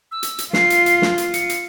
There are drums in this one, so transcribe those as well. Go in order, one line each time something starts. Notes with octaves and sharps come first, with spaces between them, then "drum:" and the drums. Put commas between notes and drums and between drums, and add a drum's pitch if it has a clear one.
E6
drum: hi-hat
drum: hi-hat
F4 C7, drum: snare
drum: hi-hat
drum: hi-hat
drum: snare
drum: hi-hat
C#7, drum: hi-hat
drum: hi-hat